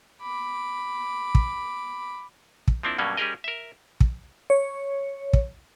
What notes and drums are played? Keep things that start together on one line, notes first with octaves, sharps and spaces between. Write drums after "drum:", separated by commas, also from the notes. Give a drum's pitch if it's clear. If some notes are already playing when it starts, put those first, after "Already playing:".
B5 D6
drum: kick
drum: kick
F3 A#3 C4 D4 E4
G2 B2 F#3 G3 A#3 C#4
G3 C#4 G4 G#4 A#4 D#5
A#4 E5
drum: kick
C#5
drum: kick